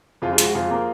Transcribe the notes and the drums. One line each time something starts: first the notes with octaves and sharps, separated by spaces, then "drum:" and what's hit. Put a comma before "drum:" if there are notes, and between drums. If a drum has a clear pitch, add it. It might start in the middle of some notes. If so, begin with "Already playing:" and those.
F2 F4 G#4
F4 G#4
G#3, drum: hi-hat
F#4
F2 F4 G#4
A#3